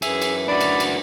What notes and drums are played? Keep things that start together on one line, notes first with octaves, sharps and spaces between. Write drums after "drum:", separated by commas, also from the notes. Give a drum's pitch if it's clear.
F#2 E3 G#4 E5, drum: cymbal
drum: cymbal
D4 F#4 D5 B5
drum: cymbal
drum: cymbal